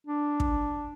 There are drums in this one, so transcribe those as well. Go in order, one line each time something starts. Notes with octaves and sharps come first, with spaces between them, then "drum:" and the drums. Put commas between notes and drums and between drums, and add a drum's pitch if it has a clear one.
D4
drum: kick